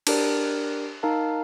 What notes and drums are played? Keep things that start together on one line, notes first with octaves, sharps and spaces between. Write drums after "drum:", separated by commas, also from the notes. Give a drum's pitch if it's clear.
D4 G4 A#4 D5, drum: cymbal
D#4 A#4 F5 A5